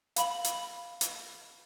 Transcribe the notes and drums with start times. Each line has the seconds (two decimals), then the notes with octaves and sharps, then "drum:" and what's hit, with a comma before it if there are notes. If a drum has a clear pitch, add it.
0.16 F5 B5 F#7, drum: hi-hat
0.45 drum: hi-hat
1.01 drum: hi-hat